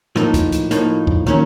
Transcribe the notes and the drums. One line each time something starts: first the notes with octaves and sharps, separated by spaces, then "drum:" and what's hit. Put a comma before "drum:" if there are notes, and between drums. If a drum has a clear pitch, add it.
A2 F3 A#3 D#4, drum: rim click
drum: kick, hi-hat
drum: hi-hat
A2 F3 A#3 D#4, drum: hi-hat
drum: kick
D#3 F#3 A#3 C#4, drum: rim click